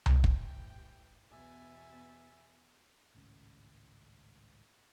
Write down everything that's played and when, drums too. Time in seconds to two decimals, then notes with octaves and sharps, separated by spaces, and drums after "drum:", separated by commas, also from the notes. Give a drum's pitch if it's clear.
0.06 drum: tom C2
0.24 A2 E3 G4 G5, drum: kick
1.29 E2 B2 E5 G#5 A6
3.15 G#1 C#2 A2 C#4